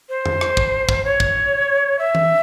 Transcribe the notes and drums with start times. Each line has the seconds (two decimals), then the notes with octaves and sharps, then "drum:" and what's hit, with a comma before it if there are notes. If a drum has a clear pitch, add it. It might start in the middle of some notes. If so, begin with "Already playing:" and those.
0.09 C5
0.26 drum: tom F2
0.41 drum: rim click
0.57 drum: kick
0.89 drum: kick
1.05 C#5
1.20 drum: kick
1.99 E5
2.15 drum: tom E3